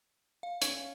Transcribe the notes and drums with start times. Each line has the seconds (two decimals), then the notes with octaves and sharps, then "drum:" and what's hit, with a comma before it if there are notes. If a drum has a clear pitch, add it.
0.43 F5
0.62 C#4, drum: hi-hat